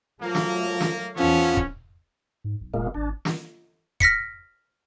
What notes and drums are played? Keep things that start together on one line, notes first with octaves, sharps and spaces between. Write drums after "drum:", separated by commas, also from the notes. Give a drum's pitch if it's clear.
F3 F#3 A3 A#3
drum: snare
drum: snare
E2 F3 B3 C#4 A4
drum: kick
G#2
B1
F1 A#2 G#3 A#3
G#1 D4
drum: snare
F6 A#6 B6 C#7, drum: kick